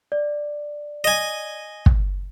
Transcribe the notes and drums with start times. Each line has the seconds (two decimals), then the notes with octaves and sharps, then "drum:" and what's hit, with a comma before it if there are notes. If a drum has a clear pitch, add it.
0.12 D5
1.04 D#5 G#5
1.86 drum: kick